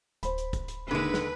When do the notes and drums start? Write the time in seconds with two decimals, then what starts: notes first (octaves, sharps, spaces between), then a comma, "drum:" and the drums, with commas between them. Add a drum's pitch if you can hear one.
0.23 D1 C5 B5, drum: hi-hat
0.38 drum: hi-hat
0.53 drum: kick, hi-hat
0.68 drum: hi-hat
0.91 D#2 D3 G#3 B4 B5
1.14 drum: snare